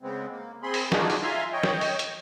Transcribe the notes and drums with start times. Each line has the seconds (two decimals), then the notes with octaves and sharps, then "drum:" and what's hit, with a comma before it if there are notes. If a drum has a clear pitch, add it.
0.02 C#3 G#3 B3 C4
0.31 A#3
0.63 C4 G#4 B5 C6
0.74 drum: open hi-hat
0.92 F3 D4 D#4 F4 F#4 G#4, drum: snare
1.10 drum: open hi-hat
1.23 F4 E5 F5 G#5 A#5 C6
1.53 C#5 D#5 G5
1.63 drum: snare
1.81 drum: open hi-hat
1.99 drum: hi-hat